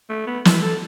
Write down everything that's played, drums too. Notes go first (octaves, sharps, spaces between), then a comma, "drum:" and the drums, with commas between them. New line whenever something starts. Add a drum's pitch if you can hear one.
A3
B3
E4, drum: snare
A4